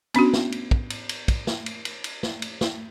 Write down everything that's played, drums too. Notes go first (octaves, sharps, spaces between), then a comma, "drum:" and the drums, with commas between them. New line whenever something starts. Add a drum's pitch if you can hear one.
B3 C#4 D4 F#4, drum: cymbal
drum: snare
drum: cymbal
drum: kick
drum: cymbal
drum: cymbal
drum: kick, cymbal
drum: snare
drum: cymbal
drum: cymbal
drum: cymbal
drum: snare
drum: cymbal
drum: snare